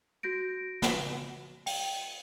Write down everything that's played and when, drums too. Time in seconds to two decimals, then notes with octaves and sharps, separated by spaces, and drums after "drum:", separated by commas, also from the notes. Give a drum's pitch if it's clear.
0.23 F#4 G6 A#6 D7
0.82 drum: snare
1.66 G5, drum: open hi-hat